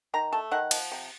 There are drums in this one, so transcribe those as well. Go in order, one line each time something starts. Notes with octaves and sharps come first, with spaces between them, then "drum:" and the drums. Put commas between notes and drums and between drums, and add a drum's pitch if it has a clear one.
D#3 A#5
A3 A5
D#3 F#5
F3, drum: cymbal
C3